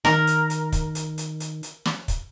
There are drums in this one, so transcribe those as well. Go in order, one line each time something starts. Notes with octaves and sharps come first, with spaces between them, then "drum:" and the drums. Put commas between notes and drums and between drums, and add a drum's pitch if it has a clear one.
D#3 A#4, drum: snare
drum: hi-hat
drum: hi-hat
drum: kick, hi-hat
drum: hi-hat
drum: hi-hat
drum: hi-hat
drum: hi-hat
drum: snare
drum: kick, hi-hat